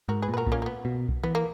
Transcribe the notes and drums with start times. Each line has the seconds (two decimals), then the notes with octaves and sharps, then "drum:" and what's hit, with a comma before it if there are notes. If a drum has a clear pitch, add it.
0.08 G#2 F#4 A#4
0.22 G#4 B4
0.28 A#2
0.34 B4
0.37 F#4 A#4
0.46 A#2, drum: kick B1
0.52 A#3 C#4
0.62 A#3
0.66 B3
0.85 B2
1.09 drum: kick B1
1.24 E3 B3
1.35 A#3